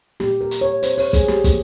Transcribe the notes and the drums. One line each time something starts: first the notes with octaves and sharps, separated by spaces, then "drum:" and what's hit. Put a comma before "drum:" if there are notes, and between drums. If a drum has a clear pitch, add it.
A#2 G3 A#3 G4, drum: snare
A#4
drum: hi-hat
C#5
C5, drum: hi-hat
C#5, drum: open hi-hat
G#4, drum: kick, hi-hat
G4, drum: snare
E3 A#3, drum: kick, hi-hat